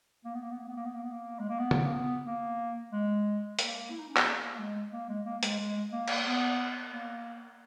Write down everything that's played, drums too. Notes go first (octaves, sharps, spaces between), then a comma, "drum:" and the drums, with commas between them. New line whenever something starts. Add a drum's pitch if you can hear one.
A#3
B3
A#3
B3
A#3
B3
A#3
B3
A#3
B3
A#3
G#3
A#3
B3
drum: tom
A#3
B3
A#3
G#3
A#3, drum: hi-hat
E4
D#4
C#4
B3, drum: clap
A#3
A#3
G#3
A#3
G#3
A#3
G#3, drum: hi-hat
G#3
A#3
drum: cymbal
B3
A#3